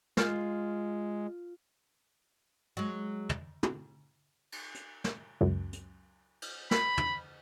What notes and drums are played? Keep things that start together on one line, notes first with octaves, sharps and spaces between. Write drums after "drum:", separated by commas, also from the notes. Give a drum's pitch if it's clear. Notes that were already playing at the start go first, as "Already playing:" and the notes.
G#3 F4, drum: snare
F#3 G#3
drum: tom
drum: tom
drum: cymbal
drum: hi-hat
drum: snare
C#2 F#2
drum: hi-hat
drum: cymbal
B5, drum: snare
drum: tom